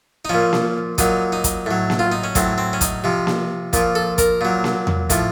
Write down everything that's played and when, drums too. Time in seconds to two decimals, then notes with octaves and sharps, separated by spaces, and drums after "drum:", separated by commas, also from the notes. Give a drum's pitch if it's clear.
0.25 D#4
0.29 A#2 F3 C#4
0.53 drum: snare A#3
0.98 A#2 F#3 D#4, drum: kick, hi-hat
1.32 D#4
1.44 drum: kick, hi-hat
1.66 A2 F#3
1.90 drum: snare A#3
1.99 F4
2.12 D#4
2.24 C#4
2.35 A2 F#3 C4, drum: kick, hi-hat
2.58 C4
2.73 C#4
2.81 D#4, drum: kick, hi-hat
3.04 C3 F3
3.27 drum: snare A#3
3.73 A#2 F3, drum: kick, hi-hat
3.95 A4
4.18 A#4, drum: kick, hi-hat
4.41 A#2 F#3
4.64 drum: snare A#3
4.87 drum: tom E2
5.10 A2 F3, drum: kick, hi-hat